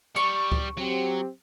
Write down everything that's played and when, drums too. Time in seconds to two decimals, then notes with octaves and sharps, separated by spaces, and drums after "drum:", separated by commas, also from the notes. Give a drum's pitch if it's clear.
0.16 G3 C#6
0.52 drum: kick C#2
0.78 F#3 C4 G4